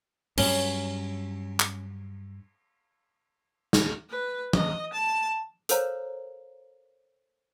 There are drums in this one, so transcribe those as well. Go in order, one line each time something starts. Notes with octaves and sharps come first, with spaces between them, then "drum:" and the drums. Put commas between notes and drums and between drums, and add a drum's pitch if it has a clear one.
G2 F#3 C#4, drum: cymbal
drum: clap
drum: snare
B4
D#5, drum: tom E3
A5
A4 A#4 C5 C#5 F5 A#5, drum: hi-hat